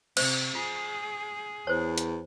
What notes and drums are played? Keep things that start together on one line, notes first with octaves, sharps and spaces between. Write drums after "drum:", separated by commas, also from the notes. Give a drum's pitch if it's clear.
C3 C5 E5, drum: cymbal
F4 G#4
E2 C5 C#5
drum: hi-hat